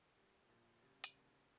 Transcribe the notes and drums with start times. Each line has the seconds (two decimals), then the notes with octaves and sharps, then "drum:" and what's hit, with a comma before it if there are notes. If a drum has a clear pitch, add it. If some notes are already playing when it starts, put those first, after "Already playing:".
Already playing: D#3
0.16 A#2 G3
0.49 A#1 F3
0.83 C#3 G3
1.04 drum: hi-hat
1.16 D#2